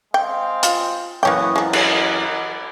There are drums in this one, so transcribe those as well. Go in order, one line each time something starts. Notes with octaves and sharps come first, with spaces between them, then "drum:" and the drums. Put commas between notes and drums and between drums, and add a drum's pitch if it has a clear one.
G#3 C4 F5 G5
F4, drum: hi-hat
F#2 E3 A#3 B3 C#4 F#4 G5 D#6
F3 G#3 A#4 D#5 F#5
drum: cymbal